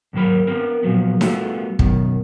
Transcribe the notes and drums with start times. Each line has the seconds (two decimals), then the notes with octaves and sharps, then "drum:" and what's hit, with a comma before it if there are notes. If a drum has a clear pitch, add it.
0.13 D#2 G#2 F#3 A#4 B5
0.47 B3 C4 A#4
0.83 A#2 F3 F#3 B3
1.21 G3 A3 B3 F4 F#4 A4, drum: snare D#4
1.79 F#2 B2 D#3, drum: kick